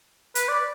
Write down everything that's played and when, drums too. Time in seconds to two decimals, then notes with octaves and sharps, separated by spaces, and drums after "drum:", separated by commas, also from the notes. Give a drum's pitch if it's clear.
0.35 B4, drum: hi-hat
0.48 D5